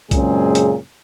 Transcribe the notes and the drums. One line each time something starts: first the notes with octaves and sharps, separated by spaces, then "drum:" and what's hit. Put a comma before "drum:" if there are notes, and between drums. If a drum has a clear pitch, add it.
F#2 A#2 C#3 G#3 C4 G#4, drum: kick B1, hi-hat
drum: hi-hat